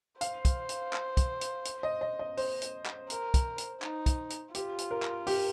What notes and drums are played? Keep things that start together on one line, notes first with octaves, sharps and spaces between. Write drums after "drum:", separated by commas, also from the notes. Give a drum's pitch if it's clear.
C5 F5, drum: hi-hat
drum: kick, hi-hat
drum: hi-hat
drum: clap
drum: kick, hi-hat
drum: hi-hat
drum: hi-hat
D#5
D#5
D#5
C5, drum: open hi-hat
drum: hi-hat
drum: clap
A#4, drum: hi-hat
drum: kick, hi-hat
drum: hi-hat
D#4, drum: clap
drum: kick, hi-hat
drum: hi-hat
F4 G4, drum: hi-hat
drum: hi-hat
A#4
drum: clap
G4, drum: open hi-hat